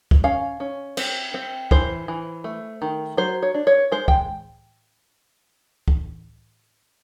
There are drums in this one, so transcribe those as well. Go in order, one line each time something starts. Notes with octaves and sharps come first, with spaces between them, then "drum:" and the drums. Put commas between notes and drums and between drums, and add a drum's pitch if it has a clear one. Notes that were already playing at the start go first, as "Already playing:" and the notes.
drum: kick
C#4 F5
C#4
C4, drum: cymbal
C4
E3 C5, drum: kick
E3
A3
D#3
F#3 C5
C#5
D4
C#5
G#3 C5
G5, drum: kick
drum: kick